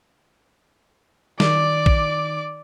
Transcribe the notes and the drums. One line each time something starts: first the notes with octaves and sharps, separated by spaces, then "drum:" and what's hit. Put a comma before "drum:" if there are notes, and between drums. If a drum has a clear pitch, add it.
D#3 D5 D6, drum: snare
drum: kick